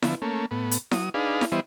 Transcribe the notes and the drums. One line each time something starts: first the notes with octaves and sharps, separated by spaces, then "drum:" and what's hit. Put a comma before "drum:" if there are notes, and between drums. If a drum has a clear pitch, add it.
D3 F3 B3 E4, drum: snare E4
A3 A#3 C#4
A2 B3
drum: hi-hat
F#3 D#6, drum: snare E4
D4 D#4 G#4 B4 F5
drum: snare E4
E3 G3 B3 E4 C5 D#5